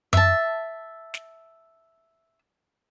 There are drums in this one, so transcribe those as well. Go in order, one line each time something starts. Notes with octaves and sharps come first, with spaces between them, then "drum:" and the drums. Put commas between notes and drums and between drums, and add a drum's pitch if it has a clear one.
E5 A5, drum: tom F#2
drum: snare